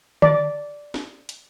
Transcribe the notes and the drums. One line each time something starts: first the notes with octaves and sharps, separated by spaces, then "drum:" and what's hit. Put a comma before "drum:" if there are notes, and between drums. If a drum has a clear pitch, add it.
D5, drum: tom D3
drum: snare
drum: hi-hat